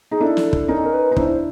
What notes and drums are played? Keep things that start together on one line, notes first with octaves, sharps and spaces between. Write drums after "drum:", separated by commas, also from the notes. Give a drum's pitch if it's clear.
D#4 G#4
D4 E4 A4
drum: snare
drum: kick
C#4 D#4 A#4
A4
A#4
B4
D#4
D4 E4 C5, drum: kick